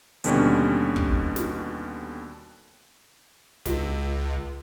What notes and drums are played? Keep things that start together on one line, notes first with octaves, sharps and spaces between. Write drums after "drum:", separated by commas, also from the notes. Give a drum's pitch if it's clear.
D#2 B2 D3 G3 C#4, drum: hi-hat
drum: kick
drum: snare
C#2, drum: snare